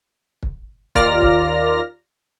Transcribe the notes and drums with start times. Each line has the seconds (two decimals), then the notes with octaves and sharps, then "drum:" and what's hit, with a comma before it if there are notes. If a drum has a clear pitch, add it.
0.43 drum: kick
0.95 D#2 F4 A#4 D5 F6 A#6, drum: kick
1.22 drum: kick